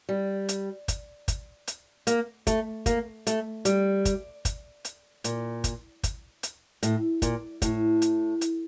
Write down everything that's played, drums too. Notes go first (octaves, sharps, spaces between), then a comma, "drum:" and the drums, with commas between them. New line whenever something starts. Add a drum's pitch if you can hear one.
G3
drum: hi-hat
drum: kick, hi-hat
drum: kick, hi-hat
drum: hi-hat
A#3, drum: hi-hat
A3, drum: kick, hi-hat
A#3, drum: kick, hi-hat
A3, drum: hi-hat
G3, drum: hi-hat
drum: kick, hi-hat
drum: kick, hi-hat
drum: hi-hat
A#2, drum: hi-hat
drum: kick, hi-hat
drum: kick, hi-hat
drum: hi-hat
A2, drum: hi-hat
A#2, drum: kick, hi-hat
A2, drum: kick, hi-hat
drum: hi-hat
drum: hi-hat